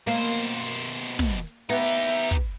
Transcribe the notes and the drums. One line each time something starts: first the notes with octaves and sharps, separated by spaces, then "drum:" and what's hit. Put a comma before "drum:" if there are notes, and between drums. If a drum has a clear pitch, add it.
B2 A#3 C5
drum: hi-hat
drum: hi-hat
drum: hi-hat
drum: snare
drum: hi-hat
B3 D#4 G4 E5
drum: open hi-hat
drum: kick, hi-hat